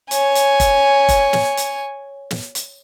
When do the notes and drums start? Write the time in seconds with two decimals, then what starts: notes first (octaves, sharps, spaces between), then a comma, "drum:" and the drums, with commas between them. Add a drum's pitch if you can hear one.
0.11 C#5 G#5, drum: hi-hat
0.35 drum: hi-hat
0.60 drum: kick, hi-hat
1.09 drum: kick, hi-hat
1.33 drum: snare
1.57 drum: hi-hat
2.31 drum: snare
2.55 drum: hi-hat